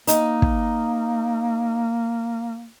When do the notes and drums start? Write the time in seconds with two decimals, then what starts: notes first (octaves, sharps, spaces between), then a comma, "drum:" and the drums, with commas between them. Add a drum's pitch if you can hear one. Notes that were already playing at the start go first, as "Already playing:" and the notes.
0.07 A#3 D#4, drum: hi-hat
0.42 drum: kick